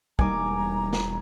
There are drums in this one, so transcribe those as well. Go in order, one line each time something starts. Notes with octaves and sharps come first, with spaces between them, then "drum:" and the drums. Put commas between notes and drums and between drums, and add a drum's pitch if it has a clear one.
E1 G3 A#3 D#4 G#5 A#5 D6, drum: kick
drum: snare